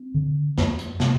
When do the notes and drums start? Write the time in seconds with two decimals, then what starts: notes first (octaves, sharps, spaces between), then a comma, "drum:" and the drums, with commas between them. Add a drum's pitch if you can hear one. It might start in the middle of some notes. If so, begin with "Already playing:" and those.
Already playing: C4
0.14 D3
0.58 F2, drum: snare
0.79 drum: hi-hat
1.00 C3, drum: snare